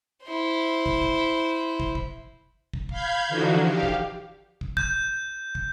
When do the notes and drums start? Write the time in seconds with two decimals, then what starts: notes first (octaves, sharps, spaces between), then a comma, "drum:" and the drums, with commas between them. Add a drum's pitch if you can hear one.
0.25 E4 C5
0.86 drum: kick
1.01 drum: kick
1.80 drum: kick
1.95 drum: kick
2.73 drum: kick
2.89 F5 B5 G6 G#6, drum: kick
3.28 D3 E3 F3 D4 D#4 F#4
3.63 G4 F5
3.83 drum: kick
4.61 drum: kick
4.77 G6, drum: kick
5.55 drum: kick